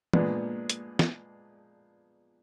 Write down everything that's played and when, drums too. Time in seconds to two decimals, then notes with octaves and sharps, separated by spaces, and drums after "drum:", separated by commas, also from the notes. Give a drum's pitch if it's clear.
0.13 A#2 F3 G#3 B3 D4, drum: tom
0.70 drum: hi-hat
0.99 drum: snare